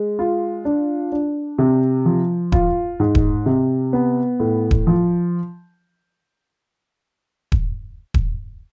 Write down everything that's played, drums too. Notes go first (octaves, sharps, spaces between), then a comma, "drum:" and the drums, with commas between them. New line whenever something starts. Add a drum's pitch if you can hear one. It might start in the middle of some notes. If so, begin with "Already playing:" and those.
Already playing: G#3
F4
D4
D4
C3
F3
F4, drum: kick D#1
G#2
drum: kick D#1
C3
B3
A2
drum: kick D#1
F3
drum: kick D#1
drum: kick D#1